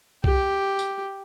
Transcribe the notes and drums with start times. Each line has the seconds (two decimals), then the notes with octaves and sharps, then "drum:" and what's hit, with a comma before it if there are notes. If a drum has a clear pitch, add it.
0.24 G4, drum: kick B1
0.79 drum: tambourine